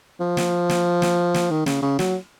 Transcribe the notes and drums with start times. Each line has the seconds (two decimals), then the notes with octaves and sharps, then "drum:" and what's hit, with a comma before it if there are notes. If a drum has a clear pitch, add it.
0.20 F3
0.37 drum: snare
0.69 drum: snare
1.02 drum: snare
1.34 drum: snare
1.51 D#3
1.66 C#3, drum: snare
1.82 C#3
1.99 F#3, drum: snare